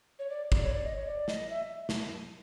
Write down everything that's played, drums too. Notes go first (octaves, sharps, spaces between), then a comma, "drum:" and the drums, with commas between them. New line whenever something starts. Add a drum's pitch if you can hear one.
C#5
D5
D5, drum: kick
C#5
D5
D#5
C#5
D5
D#5, drum: snare
E5
drum: snare